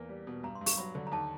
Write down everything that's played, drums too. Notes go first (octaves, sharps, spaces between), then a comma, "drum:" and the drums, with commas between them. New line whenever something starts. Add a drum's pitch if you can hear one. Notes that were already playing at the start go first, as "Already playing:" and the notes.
Already playing: E2 A#3
G3
B2
G2 A#5
C6
G2
C#6, drum: open hi-hat
F#3 B5
D3
A#5
D#2 A5